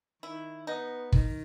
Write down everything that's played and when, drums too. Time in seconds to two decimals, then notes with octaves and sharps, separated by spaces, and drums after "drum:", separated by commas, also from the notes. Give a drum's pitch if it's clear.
0.22 D#3 E4
0.67 B3 D#4
1.12 D#3, drum: kick